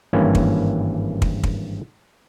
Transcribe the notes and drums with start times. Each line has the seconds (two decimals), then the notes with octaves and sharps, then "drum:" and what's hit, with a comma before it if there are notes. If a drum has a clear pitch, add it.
0.13 G#1 G2 E3 A#3 C#4
0.35 drum: kick
1.22 drum: kick
1.43 drum: kick